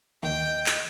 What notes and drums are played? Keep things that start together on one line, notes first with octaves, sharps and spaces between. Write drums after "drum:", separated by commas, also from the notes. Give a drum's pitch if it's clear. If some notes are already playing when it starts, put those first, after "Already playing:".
D#2 D#5 G5
drum: clap